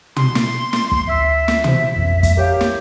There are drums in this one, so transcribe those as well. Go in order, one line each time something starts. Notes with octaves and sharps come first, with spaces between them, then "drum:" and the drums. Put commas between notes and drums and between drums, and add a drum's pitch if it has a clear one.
C6, drum: tom
drum: snare
drum: snare
drum: kick
D2 E5 E6 C7
drum: snare
E3 C5, drum: tom
A#1 F2
drum: kick, hi-hat
G4 A#4 C#5 F5
drum: snare